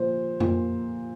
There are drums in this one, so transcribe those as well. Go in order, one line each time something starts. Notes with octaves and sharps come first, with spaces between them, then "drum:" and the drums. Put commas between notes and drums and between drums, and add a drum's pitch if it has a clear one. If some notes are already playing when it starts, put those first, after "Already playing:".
Already playing: A#2 F3 C5
A#2, drum: tom F2